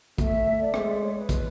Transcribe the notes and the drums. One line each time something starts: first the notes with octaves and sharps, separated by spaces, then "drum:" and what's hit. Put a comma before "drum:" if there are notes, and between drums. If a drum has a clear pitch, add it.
A3 E5, drum: kick, hi-hat
D5
G#3 E5, drum: rim click
D5
C#5
B4
drum: kick, hi-hat